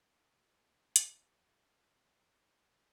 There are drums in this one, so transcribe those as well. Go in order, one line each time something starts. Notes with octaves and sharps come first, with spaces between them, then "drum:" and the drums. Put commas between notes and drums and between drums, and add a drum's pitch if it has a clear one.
A3 C#4 D4 F#4 G4 E5
drum: hi-hat